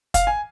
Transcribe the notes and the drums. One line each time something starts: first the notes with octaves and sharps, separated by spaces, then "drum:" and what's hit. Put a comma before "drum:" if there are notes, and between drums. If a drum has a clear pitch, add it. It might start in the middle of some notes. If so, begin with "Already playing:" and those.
F5, drum: kick, hi-hat
G#5